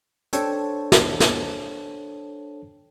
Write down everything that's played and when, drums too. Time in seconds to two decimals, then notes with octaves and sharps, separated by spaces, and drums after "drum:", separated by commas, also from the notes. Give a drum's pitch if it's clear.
0.33 D4 A4 C5 C#5 G5 A5, drum: hi-hat
0.92 drum: snare
1.20 drum: snare